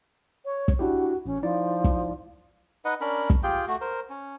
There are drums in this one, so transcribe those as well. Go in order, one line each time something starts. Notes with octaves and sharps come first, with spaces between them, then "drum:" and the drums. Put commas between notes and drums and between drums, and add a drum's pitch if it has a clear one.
C#5
drum: kick
D4 E4 F#4 G4
A1 C#4
F3 D#4 E4 D5
drum: kick
D#4 B4 D#5 F#5
C#4 D4 A#4 B5
drum: kick
F4 G4 G#4 G5
A3 F#4
A#4 C5
C#4